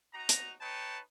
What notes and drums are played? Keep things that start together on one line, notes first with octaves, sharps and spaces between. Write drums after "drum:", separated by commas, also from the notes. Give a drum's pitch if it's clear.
D#4 F#4 A#5
drum: hi-hat
D#4 B4 C#5 G5 A5